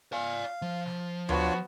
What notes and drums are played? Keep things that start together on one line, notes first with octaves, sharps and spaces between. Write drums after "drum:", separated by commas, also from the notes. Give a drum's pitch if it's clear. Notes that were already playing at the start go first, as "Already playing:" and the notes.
D5 F5 G#5
F3
drum: snare
B3 D4 F4 F#4 C#5, drum: tom D2